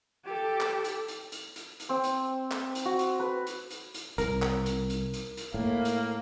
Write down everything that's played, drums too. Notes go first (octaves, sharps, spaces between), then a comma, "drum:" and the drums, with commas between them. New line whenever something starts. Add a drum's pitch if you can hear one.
G4 A4
drum: clap
drum: hi-hat
drum: hi-hat
drum: hi-hat
drum: hi-hat
drum: hi-hat
C4
drum: hi-hat
drum: clap
drum: hi-hat
F#4
drum: hi-hat
B4
drum: hi-hat
drum: hi-hat
drum: hi-hat
C2 A#4, drum: hi-hat
drum: clap
drum: hi-hat
drum: hi-hat
drum: hi-hat
drum: hi-hat
A2 A#3
drum: hi-hat